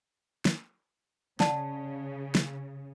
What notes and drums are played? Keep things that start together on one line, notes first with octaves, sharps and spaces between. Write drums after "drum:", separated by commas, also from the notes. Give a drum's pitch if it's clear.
drum: snare
C#3 D5 F#5 A5, drum: snare
drum: snare